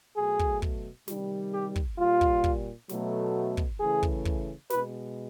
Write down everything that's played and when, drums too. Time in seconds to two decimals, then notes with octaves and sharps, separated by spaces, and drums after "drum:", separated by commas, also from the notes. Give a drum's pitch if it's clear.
0.16 B2 F#3 A3 G#4
0.39 drum: kick
0.62 drum: kick
1.08 C3 D#3 G3, drum: snare
1.53 G4
1.76 drum: kick
1.98 A#2 G3 F4
2.21 drum: kick
2.44 drum: kick
2.89 B2 F#3 A3, drum: snare
3.57 drum: kick
3.80 C#3 E3 A3 G#4
4.03 drum: kick
4.25 drum: kick
4.70 B2 G#3 B4, drum: snare